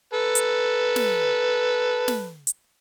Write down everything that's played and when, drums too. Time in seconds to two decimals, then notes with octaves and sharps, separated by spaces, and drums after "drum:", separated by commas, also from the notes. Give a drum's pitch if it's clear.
0.13 A4 B4
0.35 drum: hi-hat
0.96 drum: snare
2.08 drum: snare
2.47 drum: hi-hat